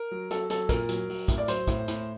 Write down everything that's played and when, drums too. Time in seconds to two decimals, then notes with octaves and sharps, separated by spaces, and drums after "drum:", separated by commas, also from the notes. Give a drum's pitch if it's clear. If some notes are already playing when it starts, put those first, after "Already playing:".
Already playing: A#4
0.11 F#3
0.31 F#3 A4, drum: hi-hat
0.50 F#3 A4, drum: hi-hat
0.69 A#2 A#4, drum: kick, hi-hat
0.89 F#3, drum: hi-hat
1.10 F#3, drum: open hi-hat
1.28 A2, drum: kick, hi-hat
1.38 D5
1.48 F#3 C5, drum: hi-hat
1.67 A2, drum: kick, hi-hat
1.88 A2, drum: hi-hat